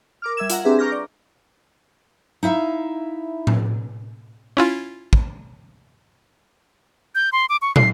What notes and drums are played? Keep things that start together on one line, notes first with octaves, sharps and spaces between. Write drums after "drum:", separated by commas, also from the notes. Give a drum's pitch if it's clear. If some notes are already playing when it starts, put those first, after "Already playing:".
A#4 D6 F6
G3 E5 E6 G#6 E7
F4 F#5 A#5, drum: hi-hat
C4 D4 G4 G#4 B4 E5
A#5 C#6 D6 F6 G6 A#6
D5
D#4 E4 E5 F5
drum: tom A2
C#4 E4 F4
drum: kick
G6
C6
D6
C#6
C7, drum: tom